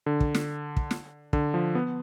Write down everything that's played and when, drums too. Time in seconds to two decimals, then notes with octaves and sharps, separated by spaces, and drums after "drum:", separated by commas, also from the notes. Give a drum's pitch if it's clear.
0.06 D3
0.20 drum: kick
0.35 drum: snare
0.77 drum: kick
0.91 drum: snare
1.33 D3, drum: kick
1.54 F3
1.75 B3